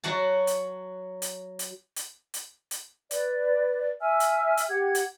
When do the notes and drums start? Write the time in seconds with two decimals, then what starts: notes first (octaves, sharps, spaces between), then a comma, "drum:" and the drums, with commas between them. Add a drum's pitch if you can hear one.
0.04 F#3 F#4 F#5 A5
0.47 drum: hi-hat
1.22 drum: hi-hat
1.59 drum: hi-hat
1.96 drum: hi-hat
2.34 drum: hi-hat
2.71 drum: hi-hat
3.11 B4 D5, drum: hi-hat
4.01 E5 G#5 E6 F6
4.20 drum: hi-hat
4.57 drum: hi-hat
4.69 G4 F#5 G#6
4.95 drum: hi-hat